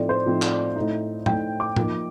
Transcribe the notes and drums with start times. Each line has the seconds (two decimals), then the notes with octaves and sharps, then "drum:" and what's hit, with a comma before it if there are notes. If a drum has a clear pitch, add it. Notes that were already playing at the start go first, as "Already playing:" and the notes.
Already playing: A2 F3 A3 C4 D#4 D5
0.09 C5
0.26 A2 F3 A3 C4 D#4
0.42 drum: clap
0.76 A2 A3 D#4
1.26 A2 A3 D#4 G5, drum: tom A2
1.60 D6
1.76 F3 A#3 D#4, drum: tom A2